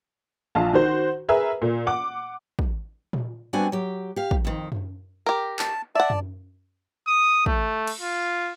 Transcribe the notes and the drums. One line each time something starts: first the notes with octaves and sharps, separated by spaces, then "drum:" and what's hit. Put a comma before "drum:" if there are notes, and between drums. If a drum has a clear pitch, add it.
A#1 F4 A5
D#3 F#4 C5
G#4 A#4 B4 E5
A#2
F#5 D6
drum: kick
drum: tom A#2
G3 B3 C4 D4 F#4 G#5
F#3 G4
G4 F5
drum: kick
F2 D#3
drum: tom F#2
G4 A#4
A5, drum: clap
D5 E5 F#5 A5
drum: tom F#2
D#6
A3, drum: kick
drum: cymbal
F4